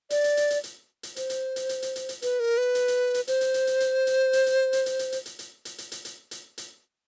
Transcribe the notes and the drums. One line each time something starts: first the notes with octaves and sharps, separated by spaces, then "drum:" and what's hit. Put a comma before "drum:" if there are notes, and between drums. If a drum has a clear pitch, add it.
D5, drum: hi-hat
drum: hi-hat
drum: hi-hat
drum: hi-hat
drum: hi-hat
drum: hi-hat
C5, drum: hi-hat
drum: hi-hat
drum: hi-hat
drum: hi-hat
drum: hi-hat
drum: hi-hat
drum: hi-hat
B4, drum: hi-hat
A#4
B4
drum: hi-hat
drum: hi-hat
drum: hi-hat
C5, drum: hi-hat
drum: hi-hat
drum: hi-hat
drum: hi-hat
drum: hi-hat
drum: hi-hat
drum: hi-hat
drum: hi-hat
drum: hi-hat
drum: hi-hat
drum: hi-hat
drum: hi-hat
drum: hi-hat
drum: hi-hat
drum: hi-hat
drum: hi-hat
drum: hi-hat
drum: hi-hat
drum: hi-hat
drum: hi-hat